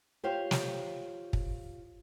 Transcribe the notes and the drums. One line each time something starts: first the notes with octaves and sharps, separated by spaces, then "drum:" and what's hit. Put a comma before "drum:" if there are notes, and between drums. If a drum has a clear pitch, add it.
F4 G4 C5 C#5 F5
drum: snare
drum: kick